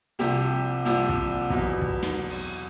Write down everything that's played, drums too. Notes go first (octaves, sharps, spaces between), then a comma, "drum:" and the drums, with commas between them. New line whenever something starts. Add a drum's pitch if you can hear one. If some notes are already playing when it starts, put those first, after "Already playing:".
C2 C3 F3 G4, drum: hi-hat
C2 C3 F3, drum: hi-hat
drum: kick
E2 B2 F#3, drum: kick
drum: kick
drum: snare
drum: open hi-hat